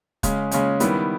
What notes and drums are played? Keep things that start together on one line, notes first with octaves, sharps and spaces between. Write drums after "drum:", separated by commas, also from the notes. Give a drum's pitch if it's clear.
C#3 G#3 C#4, drum: kick, hi-hat
C#3 G#3 C#4, drum: hi-hat
D#3 G3 B3 E4, drum: hi-hat